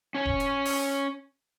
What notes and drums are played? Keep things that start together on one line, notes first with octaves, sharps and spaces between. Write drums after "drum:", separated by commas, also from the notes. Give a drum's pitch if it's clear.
C#4 C#5 G#5
drum: kick E1
drum: hi-hat
drum: open hi-hat